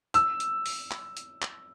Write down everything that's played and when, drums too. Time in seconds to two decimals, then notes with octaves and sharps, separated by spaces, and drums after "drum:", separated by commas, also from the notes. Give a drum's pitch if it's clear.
0.14 E6, drum: hi-hat
0.40 drum: hi-hat
0.66 drum: open hi-hat
0.91 drum: clap
1.17 drum: hi-hat
1.42 drum: clap